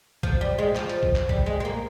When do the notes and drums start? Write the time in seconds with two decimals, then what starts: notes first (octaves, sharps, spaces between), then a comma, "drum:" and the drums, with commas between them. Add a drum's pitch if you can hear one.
0.23 F3, drum: kick B1
0.41 G3
0.58 G#3
0.76 F3, drum: clap
0.89 drum: hi-hat
1.03 drum: kick B1
1.16 drum: clap
1.29 G3, drum: kick B1
1.46 G#3
1.60 G#3
1.65 A#3